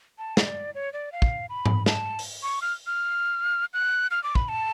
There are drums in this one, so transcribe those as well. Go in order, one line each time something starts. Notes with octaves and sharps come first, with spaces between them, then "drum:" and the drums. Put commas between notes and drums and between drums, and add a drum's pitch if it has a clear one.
A5
D5, drum: snare
C#5
D5
F5
drum: kick
B5
drum: tom G#2
A5, drum: snare
drum: open hi-hat
C#6
F6
F6
F#6
F6
D6
B5, drum: kick
A5